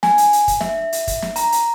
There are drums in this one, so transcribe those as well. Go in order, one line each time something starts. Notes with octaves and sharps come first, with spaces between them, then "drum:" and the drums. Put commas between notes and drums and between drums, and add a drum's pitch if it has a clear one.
G#5, drum: snare
drum: hi-hat
drum: hi-hat
drum: kick, hi-hat
E5, drum: snare
drum: hi-hat
drum: kick, hi-hat
drum: snare
A#5, drum: hi-hat
drum: hi-hat